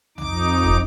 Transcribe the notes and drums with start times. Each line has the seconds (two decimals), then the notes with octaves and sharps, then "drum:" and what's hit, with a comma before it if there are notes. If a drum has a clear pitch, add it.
0.18 F2 D#4 D6, drum: tom B1
0.63 drum: kick